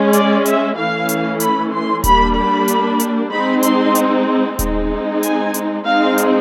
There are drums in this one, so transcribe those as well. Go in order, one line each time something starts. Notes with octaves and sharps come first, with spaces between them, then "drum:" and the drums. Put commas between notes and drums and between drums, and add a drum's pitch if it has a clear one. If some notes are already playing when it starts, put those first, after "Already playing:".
Already playing: G#3 C#4
D5, drum: hi-hat
E5, drum: hi-hat
E3 A3 C#4 F5
drum: hi-hat
B5, drum: hi-hat
C6
G3 A#3 D4 B5, drum: kick D#1, hi-hat
B5
drum: hi-hat
drum: hi-hat
G#3 C4 D#4 B5
C6, drum: hi-hat
drum: hi-hat
G#3 C4 D#4, drum: kick D#1, hi-hat
G#5, drum: hi-hat
drum: hi-hat
G#3 C4 D#4 F5
drum: hi-hat